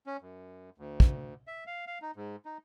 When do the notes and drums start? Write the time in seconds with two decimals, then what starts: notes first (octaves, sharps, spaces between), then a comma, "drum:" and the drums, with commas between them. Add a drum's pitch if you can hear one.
0.06 C#4
0.22 F#2
0.78 D2
1.00 drum: kick
1.47 E5
1.67 F5
1.87 F5
2.02 D#4
2.16 G#2
2.45 D#4